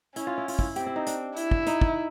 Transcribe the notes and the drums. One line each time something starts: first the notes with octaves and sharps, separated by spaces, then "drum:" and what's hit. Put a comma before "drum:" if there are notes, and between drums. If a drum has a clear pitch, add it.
C#4 E4, drum: hi-hat
F4
E4
F4, drum: open hi-hat
E4, drum: kick
C4 G4, drum: hi-hat
E4
D#4
D4, drum: hi-hat
E4, drum: hi-hat
drum: kick
D#4, drum: hi-hat
drum: kick